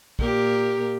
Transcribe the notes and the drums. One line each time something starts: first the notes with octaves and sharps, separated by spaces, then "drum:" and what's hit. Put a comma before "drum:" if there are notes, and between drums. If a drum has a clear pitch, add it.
A#2 G4 A#4, drum: kick